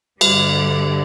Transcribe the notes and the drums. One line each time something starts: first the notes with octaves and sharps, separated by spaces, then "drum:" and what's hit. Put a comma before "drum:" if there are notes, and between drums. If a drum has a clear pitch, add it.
G2 D3 G3, drum: cymbal